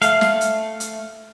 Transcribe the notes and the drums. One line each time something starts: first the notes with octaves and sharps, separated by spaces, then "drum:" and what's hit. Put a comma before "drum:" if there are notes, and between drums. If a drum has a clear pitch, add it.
A3 F5, drum: hi-hat
drum: snare
drum: hi-hat
drum: hi-hat